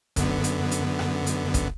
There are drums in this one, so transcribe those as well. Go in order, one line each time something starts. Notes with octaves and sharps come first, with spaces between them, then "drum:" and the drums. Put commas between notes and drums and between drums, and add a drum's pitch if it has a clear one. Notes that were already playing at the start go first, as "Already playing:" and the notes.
F#2 D3 B3, drum: kick, hi-hat
drum: hi-hat
drum: hi-hat
drum: rim click
drum: hi-hat
drum: kick, hi-hat